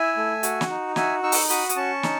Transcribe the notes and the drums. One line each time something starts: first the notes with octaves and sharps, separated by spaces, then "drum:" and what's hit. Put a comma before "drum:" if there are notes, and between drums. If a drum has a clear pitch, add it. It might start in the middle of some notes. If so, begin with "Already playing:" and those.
Already playing: E4 E5 G#5
A3
F#4, drum: hi-hat
drum: snare
D#4
F#4 E5 G#5, drum: snare
D#4 C#6 E6
drum: open hi-hat
F#4 B5 D#6, drum: hi-hat
D#6, drum: hi-hat
C#4 A5 C#6
D#4, drum: snare